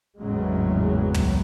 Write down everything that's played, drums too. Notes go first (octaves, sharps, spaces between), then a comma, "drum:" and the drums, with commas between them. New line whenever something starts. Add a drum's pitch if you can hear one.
G#1 E2 A2 C#3 F#3 G#3
drum: tom